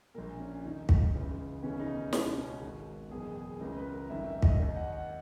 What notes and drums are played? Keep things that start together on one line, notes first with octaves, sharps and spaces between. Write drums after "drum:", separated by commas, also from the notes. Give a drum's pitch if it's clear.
A#1 A#2 A#4
C#4
D#2 D#3 D#4
drum: kick
C#2 C#3 E3
E1 D#2 C#3 E3 C#4
D#4
C#4
C#2 B2 C#4, drum: snare
D#4
C#4
F#4
G#1 G#2 D#3
F#1 E2 B2 G#4
G#4
C#2 C#3 E3 A#4
B4
A#4
G#1 F#2 D#3 E5
E5
D#5, drum: kick
D#2 D#3 D#5
F#5
F#5